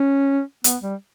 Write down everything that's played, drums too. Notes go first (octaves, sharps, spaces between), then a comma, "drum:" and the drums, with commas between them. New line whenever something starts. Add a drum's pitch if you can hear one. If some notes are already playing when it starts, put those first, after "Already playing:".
Already playing: C#4
B3, drum: hi-hat
G3